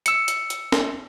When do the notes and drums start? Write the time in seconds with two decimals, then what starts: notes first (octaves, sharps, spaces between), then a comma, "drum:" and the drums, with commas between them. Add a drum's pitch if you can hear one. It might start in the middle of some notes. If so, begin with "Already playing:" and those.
0.06 E6 C#7, drum: hi-hat
0.28 drum: hi-hat
0.50 drum: hi-hat
0.72 drum: snare